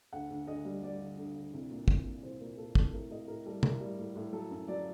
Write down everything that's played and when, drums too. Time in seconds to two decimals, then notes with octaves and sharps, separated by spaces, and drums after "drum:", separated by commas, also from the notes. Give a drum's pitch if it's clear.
0.13 D2 F#5
0.30 D2
0.47 D2 D#5
0.65 G3
0.82 G3 D5
1.00 D3
1.18 D2
1.35 D2
1.54 C2
1.71 A#2
1.88 C2, drum: kick
2.06 A#2
2.23 C2 C5
2.41 A#2 A#4
2.58 A#2 A4
2.75 C2 A4, drum: kick
2.93 A2 A#4
3.11 A2 D#5
3.28 A2 A#4
3.46 G3 A4
3.63 A2 A#4, drum: tom
3.80 G3
3.99 A2
4.16 A2
4.33 F#3 A4
4.51 F#2
4.68 F#3 D5